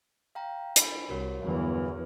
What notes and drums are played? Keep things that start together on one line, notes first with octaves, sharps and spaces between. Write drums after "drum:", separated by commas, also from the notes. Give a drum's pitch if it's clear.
F5 G5 A#5
D4 B5, drum: hi-hat
C2 F#4 A#4 C#5
G1 E2 E3 F#3